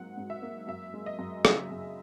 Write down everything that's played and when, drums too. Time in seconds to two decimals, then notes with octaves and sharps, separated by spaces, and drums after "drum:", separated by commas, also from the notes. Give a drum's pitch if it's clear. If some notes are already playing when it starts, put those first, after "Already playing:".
Already playing: G#2 F#3 A#3 F#5
0.17 G#2
0.30 E5
0.42 A#3
0.67 F#2 E5
0.94 G#3
1.06 D#5
1.19 F#2
1.45 C#3 E5, drum: rim click
1.71 F#2